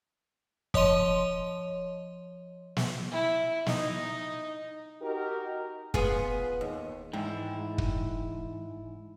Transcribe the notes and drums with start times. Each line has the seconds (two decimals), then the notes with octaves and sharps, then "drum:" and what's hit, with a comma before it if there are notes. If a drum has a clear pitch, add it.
0.74 F3 C#5 D#5 C6 D#7, drum: kick
2.77 drum: snare
3.11 E4
3.66 D#4, drum: snare
5.02 D#4 F#4 G4 A#4
5.94 B3 F4 G#4, drum: kick
6.61 D#2
7.13 G#2 E3 E4 D5 G5
7.78 drum: kick